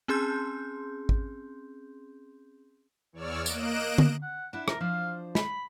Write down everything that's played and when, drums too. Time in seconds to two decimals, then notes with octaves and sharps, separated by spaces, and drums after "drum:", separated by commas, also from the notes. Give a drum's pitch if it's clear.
0.08 C4 C#4 G#4 C6 G6
1.09 drum: kick
3.13 E2 C#5 D5 E6 F6
3.46 A#3 D#5 F#6 D7 E7, drum: tambourine
3.98 drum: tom D3
4.22 F#5
4.53 D4 E4 F#5
4.68 A#4, drum: rim click
4.81 F3 D4 C5 F5
5.35 B5, drum: snare